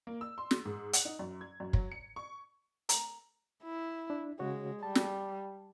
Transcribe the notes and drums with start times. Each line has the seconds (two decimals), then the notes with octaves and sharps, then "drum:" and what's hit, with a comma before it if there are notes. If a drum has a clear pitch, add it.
0.07 A#3
0.21 E6
0.38 C6
0.51 drum: snare
0.65 G#2
0.93 F#5, drum: hi-hat
1.05 D#4
1.19 F#2
1.41 G#6
1.60 F#2
1.73 F#3, drum: kick
1.92 C#7
2.16 C#6
2.89 A#5, drum: hi-hat
3.63 E4
4.10 D4
4.39 C#3 G#3 F#4 C#5
4.83 G3 A5
4.95 drum: snare